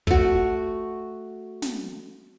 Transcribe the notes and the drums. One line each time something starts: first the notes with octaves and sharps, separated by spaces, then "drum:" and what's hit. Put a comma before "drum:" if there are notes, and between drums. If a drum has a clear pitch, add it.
A3 F#4, drum: kick
drum: snare